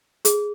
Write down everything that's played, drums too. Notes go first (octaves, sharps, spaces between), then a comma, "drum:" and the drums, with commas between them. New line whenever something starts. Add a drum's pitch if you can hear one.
G#4, drum: hi-hat